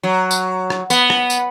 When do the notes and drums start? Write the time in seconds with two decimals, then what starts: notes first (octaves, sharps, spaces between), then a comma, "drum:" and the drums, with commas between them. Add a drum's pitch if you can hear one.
0.03 F#3
0.31 drum: tambourine
0.70 drum: rim click
0.90 B3, drum: tambourine
1.10 drum: rim click
1.30 drum: tambourine